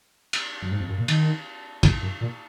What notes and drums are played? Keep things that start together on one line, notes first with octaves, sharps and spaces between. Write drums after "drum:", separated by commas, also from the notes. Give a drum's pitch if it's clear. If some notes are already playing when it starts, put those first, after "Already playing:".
drum: cymbal
F#2
G#2
F2
F#2
A#2
D#3, drum: cymbal
F#2, drum: kick, cymbal
F#2
A#2